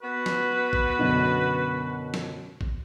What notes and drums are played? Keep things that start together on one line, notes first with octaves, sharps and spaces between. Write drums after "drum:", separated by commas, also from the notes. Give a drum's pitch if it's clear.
B3 F#4 B4
drum: snare
drum: kick
F#2 B2 D3
drum: snare
drum: kick